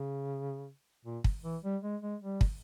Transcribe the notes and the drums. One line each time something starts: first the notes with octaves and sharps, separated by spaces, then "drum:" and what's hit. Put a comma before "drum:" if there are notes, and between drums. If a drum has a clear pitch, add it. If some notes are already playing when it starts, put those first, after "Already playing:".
Already playing: C#3
A#2
drum: kick
E3
G3
G#3
G#3
G3
drum: kick